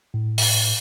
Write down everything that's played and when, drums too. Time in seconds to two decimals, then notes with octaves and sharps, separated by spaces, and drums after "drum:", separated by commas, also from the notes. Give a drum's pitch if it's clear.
0.14 A2
0.38 drum: open hi-hat